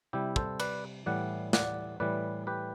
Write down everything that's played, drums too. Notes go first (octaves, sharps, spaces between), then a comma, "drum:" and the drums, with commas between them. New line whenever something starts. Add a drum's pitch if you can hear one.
C3 G3 E4 G4
A4 C5, drum: kick
B4 D5, drum: cymbal
A2 E3 G3 D5 F#5
D5 F#5, drum: snare
A2 E3 G3 B4 D5
G4 B4